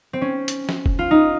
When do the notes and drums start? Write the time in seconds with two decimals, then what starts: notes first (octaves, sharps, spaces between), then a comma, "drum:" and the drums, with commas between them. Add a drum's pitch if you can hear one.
0.13 C4
0.21 C#4
0.48 drum: hi-hat
0.69 drum: snare
0.86 drum: kick
0.99 F4
1.11 D#4